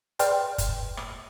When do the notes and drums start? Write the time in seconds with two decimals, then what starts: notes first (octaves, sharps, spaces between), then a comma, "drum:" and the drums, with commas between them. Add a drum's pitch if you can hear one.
0.19 G#4 B4 D5 G5 C6 F6, drum: hi-hat
0.58 drum: kick, hi-hat
0.97 drum: rim click